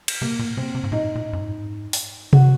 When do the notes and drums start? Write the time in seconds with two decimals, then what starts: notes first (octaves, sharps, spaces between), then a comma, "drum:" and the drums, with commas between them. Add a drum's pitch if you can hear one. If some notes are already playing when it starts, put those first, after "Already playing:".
0.08 drum: cymbal
0.21 C3 A#3
0.39 A#2
0.57 C3 C4
0.75 C3
0.84 G#2
0.92 A#2 D#4
1.15 A#2
1.33 F#2
1.39 G#2
1.93 drum: open hi-hat
2.33 F#4, drum: tom C3